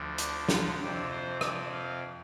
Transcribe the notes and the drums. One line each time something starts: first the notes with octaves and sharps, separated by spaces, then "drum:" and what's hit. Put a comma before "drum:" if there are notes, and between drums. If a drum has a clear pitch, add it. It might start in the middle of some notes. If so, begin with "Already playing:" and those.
Already playing: D2 D3 F3
D4, drum: hi-hat
F4, drum: snare
F2 C3 F3 D4
C5
D5, drum: rim click
F5